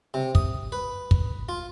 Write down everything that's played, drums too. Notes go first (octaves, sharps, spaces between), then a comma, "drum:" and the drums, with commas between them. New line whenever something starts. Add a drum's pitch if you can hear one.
C3
D#6, drum: kick
B4
drum: kick
F4